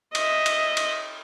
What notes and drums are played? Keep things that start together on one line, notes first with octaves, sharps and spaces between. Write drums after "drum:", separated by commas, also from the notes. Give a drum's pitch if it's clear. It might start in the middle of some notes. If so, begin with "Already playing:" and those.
D#5 E5, drum: cymbal
drum: cymbal
drum: cymbal